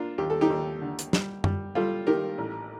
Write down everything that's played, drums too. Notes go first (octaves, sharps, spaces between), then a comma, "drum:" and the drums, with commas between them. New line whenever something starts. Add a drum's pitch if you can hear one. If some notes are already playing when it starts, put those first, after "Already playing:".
Already playing: A#3 D4 F4
D#2 G4
A4
D#4 G4
D#2
D3
drum: hi-hat
G3, drum: snare
G3, drum: tom F#2
G3 F4 A4
D#3 G4 A#4
A1